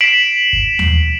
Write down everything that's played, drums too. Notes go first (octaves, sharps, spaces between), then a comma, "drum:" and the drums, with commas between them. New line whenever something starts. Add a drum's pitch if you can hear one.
B6 C7 D7 E7 F#7
drum: kick
drum: tom D#2